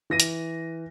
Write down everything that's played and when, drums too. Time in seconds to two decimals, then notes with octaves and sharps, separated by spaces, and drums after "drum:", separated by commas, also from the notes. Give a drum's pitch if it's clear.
0.10 E3 A#6 D#7
0.20 drum: hi-hat